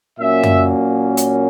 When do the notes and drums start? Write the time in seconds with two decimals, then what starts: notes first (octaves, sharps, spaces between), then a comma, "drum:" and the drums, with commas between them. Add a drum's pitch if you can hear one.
0.19 A#2 F#3 A#3 C#4 E5
0.43 drum: tom F#2
1.17 drum: hi-hat